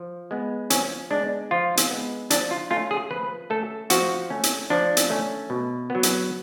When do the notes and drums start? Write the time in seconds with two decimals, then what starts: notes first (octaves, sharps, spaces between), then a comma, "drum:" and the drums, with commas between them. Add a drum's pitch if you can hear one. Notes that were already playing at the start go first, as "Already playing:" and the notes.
Already playing: F3
0.31 G#3 B3
0.70 F3 C#4, drum: hi-hat
1.10 G#3 B3 D4
1.51 F3 F4
1.77 drum: hi-hat
1.90 G#3 B3
2.30 F3 D4, drum: hi-hat
2.51 F4
2.70 A3 C#4 F4
2.91 G#4
3.11 F3 B4
3.50 A3 C#4 A4
3.90 F3 F#4, drum: hi-hat
4.30 A3 C#4
4.43 drum: hi-hat
4.70 F3 D4
4.97 drum: hi-hat
5.10 A3 C#4
5.50 B2
5.90 F#3 B3
6.03 drum: hi-hat